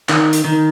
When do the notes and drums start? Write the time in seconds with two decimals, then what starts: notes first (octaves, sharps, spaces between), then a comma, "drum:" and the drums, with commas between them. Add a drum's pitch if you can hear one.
0.09 D#3, drum: clap
0.33 drum: hi-hat
0.44 D#3